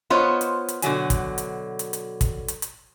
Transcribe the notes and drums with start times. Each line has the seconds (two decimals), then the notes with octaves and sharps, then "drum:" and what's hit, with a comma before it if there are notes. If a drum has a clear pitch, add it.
0.10 B3 F4 C5 C#5 D#5
0.41 drum: hi-hat
0.69 drum: hi-hat
0.82 B2 D3 F#3 G#5, drum: hi-hat
1.10 drum: kick, hi-hat
1.38 drum: hi-hat
1.79 drum: hi-hat
1.93 drum: hi-hat
2.21 drum: kick, hi-hat
2.48 drum: hi-hat
2.62 drum: hi-hat